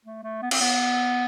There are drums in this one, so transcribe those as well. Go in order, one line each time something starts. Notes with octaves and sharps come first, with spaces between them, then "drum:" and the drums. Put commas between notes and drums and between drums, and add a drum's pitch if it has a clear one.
A3
A3
B3
C4, drum: cymbal
B3